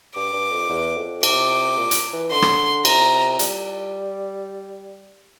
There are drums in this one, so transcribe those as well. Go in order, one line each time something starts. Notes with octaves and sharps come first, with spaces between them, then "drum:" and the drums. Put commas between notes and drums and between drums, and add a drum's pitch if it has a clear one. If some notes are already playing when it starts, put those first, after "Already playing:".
G2 D6
G2
F2
E2
F2
C3 D6, drum: cymbal
A#2
drum: hi-hat
E3
D3 C6
drum: rim click
C3 A#5, drum: cymbal
G3, drum: hi-hat